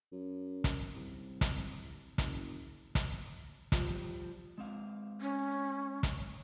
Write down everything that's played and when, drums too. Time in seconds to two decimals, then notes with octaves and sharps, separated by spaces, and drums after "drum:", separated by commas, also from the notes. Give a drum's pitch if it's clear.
0.12 F#2
0.64 drum: kick, hi-hat
0.95 C2
1.41 drum: kick, hi-hat
2.18 F#1, drum: kick, hi-hat
2.95 drum: kick, hi-hat
3.72 F3 G3, drum: kick, hi-hat
4.58 G#3 C4 F5
5.21 C#4
6.03 drum: kick, hi-hat